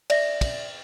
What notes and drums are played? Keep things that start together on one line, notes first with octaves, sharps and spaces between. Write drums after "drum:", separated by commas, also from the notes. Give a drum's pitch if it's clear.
D5 E5 A#6, drum: cymbal
drum: kick, cymbal